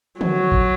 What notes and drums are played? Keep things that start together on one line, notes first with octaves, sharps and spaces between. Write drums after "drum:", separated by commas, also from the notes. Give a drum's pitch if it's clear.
F#3, drum: tom
drum: kick G#1